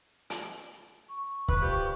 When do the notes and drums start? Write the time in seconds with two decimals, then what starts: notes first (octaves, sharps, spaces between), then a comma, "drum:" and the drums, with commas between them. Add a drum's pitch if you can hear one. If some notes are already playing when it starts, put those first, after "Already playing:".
0.30 drum: hi-hat
1.09 C#6
1.48 B4, drum: kick C#1
1.61 F3 G3 G4